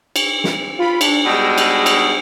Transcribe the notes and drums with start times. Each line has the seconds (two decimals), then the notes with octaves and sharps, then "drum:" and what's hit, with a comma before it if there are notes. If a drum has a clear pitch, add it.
0.16 drum: cymbal
0.44 drum: snare
0.78 F4 B5
1.01 D4, drum: cymbal
1.26 B2 G3 G#3 G5 E6 A#6
1.58 drum: cymbal
1.86 drum: cymbal